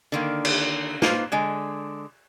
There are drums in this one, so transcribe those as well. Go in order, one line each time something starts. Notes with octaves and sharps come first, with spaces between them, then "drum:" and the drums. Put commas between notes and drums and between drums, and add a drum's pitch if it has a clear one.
D3 D#3 A#3
drum: cymbal
A#3 D#4 F4 B4 C5, drum: snare
D3 G#3